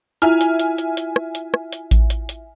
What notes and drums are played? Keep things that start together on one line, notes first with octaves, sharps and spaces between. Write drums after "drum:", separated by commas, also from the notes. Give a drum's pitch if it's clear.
E4 F4 E5 G#5 F6, drum: hi-hat
drum: hi-hat
drum: hi-hat
drum: hi-hat
drum: hi-hat
drum: rim click
drum: hi-hat
drum: rim click
drum: hi-hat
drum: kick A1, hi-hat
drum: hi-hat
drum: hi-hat